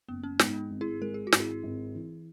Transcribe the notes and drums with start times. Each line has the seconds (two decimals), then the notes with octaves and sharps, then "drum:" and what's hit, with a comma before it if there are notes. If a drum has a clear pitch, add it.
0.08 F#1 B3
0.23 C#4
0.39 G#2 B3 D#4, drum: snare
0.70 G#1
0.81 E4 G#4
1.01 G#3 A#4
1.14 G#4
1.27 F#4
1.32 G#1, drum: snare
1.40 E4 G#4
1.63 G#1
1.95 E3